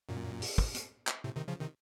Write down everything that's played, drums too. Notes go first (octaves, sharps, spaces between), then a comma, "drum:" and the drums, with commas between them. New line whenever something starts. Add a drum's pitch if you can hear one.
F#2 A#2
drum: open hi-hat
drum: kick
drum: hi-hat
drum: clap
A2 C3
C3 D#3
C#3 F3
C3 D#3